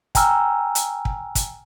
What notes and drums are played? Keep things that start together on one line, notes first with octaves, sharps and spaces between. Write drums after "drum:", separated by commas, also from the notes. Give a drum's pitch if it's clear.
G5 G#5 A#5 E6 F6, drum: kick, hi-hat
drum: hi-hat
drum: kick
drum: kick, hi-hat